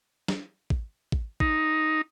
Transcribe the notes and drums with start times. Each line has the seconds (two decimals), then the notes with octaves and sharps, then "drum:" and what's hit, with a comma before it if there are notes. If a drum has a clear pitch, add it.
0.28 drum: snare
0.70 drum: kick A1
1.12 drum: kick A1
1.40 D#4, drum: kick A1